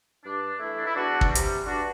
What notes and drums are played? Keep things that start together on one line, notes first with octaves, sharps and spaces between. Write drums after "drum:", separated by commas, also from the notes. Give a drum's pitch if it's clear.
G2 D4
E3 A3 E4
D4
E4
E2 D4 F#4
drum: kick
G3
C3, drum: hi-hat
G2 D4 F#4